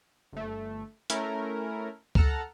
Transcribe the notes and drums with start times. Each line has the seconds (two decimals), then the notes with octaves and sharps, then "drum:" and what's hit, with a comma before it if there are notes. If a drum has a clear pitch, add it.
0.33 G1 A3
1.10 A3 C#4 E4 A#4, drum: hi-hat
2.15 A4 F#5 A5 A#5 F6, drum: kick C#2